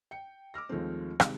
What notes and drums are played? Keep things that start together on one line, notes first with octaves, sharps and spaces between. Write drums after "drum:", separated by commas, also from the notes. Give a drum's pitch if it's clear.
G5 C#7
D6 E6 F6 A#6
D#2 F3 G#3 A3 C4
C3 D#3 G3 G#3, drum: rim click